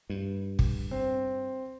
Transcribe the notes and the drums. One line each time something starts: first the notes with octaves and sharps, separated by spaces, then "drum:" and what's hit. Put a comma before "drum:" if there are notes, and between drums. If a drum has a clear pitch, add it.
G2
drum: kick
C4